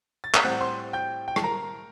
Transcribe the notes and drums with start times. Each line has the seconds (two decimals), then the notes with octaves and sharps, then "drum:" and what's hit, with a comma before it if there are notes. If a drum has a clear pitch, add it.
0.24 A6
0.35 G6, drum: clap
0.43 A2 G3 C4 F#5 F#6
0.60 C5 C6
0.93 G5 G6
1.28 G5
1.36 A5, drum: rim click
1.43 A#4 A#5